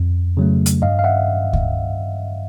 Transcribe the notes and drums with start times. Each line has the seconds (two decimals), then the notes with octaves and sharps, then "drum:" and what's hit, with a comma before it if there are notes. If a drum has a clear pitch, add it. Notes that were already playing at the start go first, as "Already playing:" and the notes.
Already playing: F2
0.37 C#3 F#3 A3
0.66 drum: hi-hat
0.82 G2 D#5 F5
0.99 F5
1.04 E5 F#5
1.53 drum: kick C#2